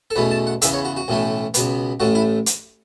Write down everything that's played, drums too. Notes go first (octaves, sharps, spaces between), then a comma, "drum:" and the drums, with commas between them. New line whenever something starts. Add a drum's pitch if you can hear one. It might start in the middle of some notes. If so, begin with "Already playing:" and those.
A4
E2 B2 A3 C#4 B4
A5
F#5
E2 C#3 E3 B3 E5, drum: hi-hat
C#5
F#4
F#4
B1 A2 E3 A3 C#4
C#2 B2 B3, drum: hi-hat
A1 A2 A3 F#4
E4
drum: hi-hat